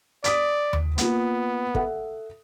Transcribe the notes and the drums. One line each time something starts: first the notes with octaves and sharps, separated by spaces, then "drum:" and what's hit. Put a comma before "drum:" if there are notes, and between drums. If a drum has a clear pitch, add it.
D5 D#6 B6 D7, drum: hi-hat
drum: tom D#2
A#3 B3 F4, drum: hi-hat
A4 E5 F#5, drum: kick